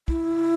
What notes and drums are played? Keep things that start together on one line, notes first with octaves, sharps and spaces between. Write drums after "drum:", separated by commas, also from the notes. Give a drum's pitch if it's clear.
E4, drum: kick